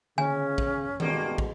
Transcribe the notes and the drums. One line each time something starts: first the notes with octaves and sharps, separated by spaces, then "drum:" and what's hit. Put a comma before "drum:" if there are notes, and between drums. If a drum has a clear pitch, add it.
C#3 C#4 G#5, drum: tom D3
drum: kick
A1 G2 B2 G#3 A#3, drum: tom D#3
drum: kick